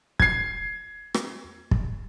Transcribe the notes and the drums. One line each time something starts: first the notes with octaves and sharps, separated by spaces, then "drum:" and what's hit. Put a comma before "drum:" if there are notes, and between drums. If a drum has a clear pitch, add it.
G#6 C7, drum: kick
drum: rim click
drum: kick